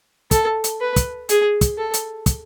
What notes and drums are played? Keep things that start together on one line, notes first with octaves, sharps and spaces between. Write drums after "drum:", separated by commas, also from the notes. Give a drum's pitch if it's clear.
A4, drum: kick, hi-hat
drum: hi-hat
B4
drum: kick, hi-hat
G#4, drum: hi-hat
drum: kick, hi-hat
A4
drum: hi-hat
drum: kick, hi-hat